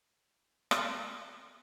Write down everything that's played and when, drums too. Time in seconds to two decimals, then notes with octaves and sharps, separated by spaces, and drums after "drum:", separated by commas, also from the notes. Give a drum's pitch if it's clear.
0.24 E4 F#4 C#5 F5
0.71 drum: rim click